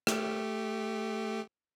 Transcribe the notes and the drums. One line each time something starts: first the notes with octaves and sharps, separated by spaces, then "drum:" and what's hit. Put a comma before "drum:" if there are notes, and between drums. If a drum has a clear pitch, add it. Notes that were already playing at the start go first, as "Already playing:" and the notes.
A3 G4, drum: rim click